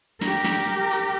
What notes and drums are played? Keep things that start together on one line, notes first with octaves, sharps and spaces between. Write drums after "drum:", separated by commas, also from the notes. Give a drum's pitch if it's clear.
G4 A#4, drum: snare
drum: snare
drum: hi-hat